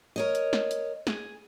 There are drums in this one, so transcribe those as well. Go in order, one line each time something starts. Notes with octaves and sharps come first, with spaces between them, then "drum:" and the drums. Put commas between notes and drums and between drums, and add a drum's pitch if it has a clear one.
A#4 C#5 D#5
drum: hi-hat
drum: snare
drum: hi-hat
G#4, drum: snare